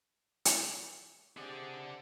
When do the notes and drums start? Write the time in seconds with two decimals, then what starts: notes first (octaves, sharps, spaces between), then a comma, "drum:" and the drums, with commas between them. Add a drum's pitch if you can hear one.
0.45 drum: hi-hat
1.37 C3 D4 G4 G#4 D5 F#5